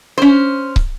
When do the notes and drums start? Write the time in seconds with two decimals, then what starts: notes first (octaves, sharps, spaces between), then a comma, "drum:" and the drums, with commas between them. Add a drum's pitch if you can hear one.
0.18 C#4 C5
0.76 drum: kick